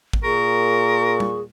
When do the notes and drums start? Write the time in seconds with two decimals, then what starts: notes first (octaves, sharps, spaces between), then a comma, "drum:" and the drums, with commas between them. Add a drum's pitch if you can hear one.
0.13 drum: kick G#1
0.24 A#2 G#4 A#4 C#6
1.20 drum: tom G3